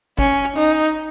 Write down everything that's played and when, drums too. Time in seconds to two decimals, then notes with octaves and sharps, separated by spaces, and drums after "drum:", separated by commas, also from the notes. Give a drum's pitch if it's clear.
0.19 C#4, drum: kick
0.56 D#4